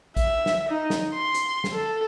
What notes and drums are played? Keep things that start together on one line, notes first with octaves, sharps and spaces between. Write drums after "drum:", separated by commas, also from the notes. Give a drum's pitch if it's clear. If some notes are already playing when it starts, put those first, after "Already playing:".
E5, drum: kick, hi-hat
drum: snare
D#4
drum: snare
C6
drum: hi-hat
drum: snare
A4